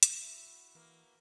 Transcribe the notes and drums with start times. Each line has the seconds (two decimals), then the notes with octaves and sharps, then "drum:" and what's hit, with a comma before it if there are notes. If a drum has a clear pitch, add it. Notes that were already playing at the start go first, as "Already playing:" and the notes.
0.03 drum: hi-hat
0.20 E4 F#4 E5
0.75 E3 A#3 B4